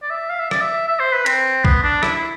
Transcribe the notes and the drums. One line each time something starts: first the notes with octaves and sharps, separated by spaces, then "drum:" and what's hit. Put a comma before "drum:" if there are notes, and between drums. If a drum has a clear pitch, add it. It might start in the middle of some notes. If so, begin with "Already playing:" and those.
D5
E5
F5
E5
D5, drum: rim click
E5
E5
C5
B4
C4, drum: hi-hat
B3, drum: kick B1
D4
E4, drum: rim click
E4